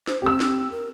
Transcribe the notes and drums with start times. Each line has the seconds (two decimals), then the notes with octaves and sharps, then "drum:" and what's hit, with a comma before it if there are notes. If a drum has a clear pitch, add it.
0.07 C5, drum: snare
0.22 C4 G4 E6
0.40 drum: snare
0.72 A#4